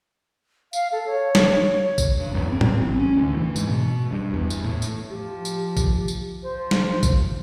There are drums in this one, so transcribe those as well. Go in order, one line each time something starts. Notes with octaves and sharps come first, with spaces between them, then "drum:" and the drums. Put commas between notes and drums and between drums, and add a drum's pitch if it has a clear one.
F5, drum: tambourine
A4
C#5
drum: snare
drum: kick A#1, tambourine
G2
E2
C4
drum: tom A2
A1
C#4
D2
E3
G#2, drum: tambourine
B2
G2
E2
drum: tambourine
A2
drum: tambourine
F3 G4
drum: tambourine
drum: kick A#1, tambourine
drum: tambourine
F3 C5
drum: snare
drum: kick A#1, tambourine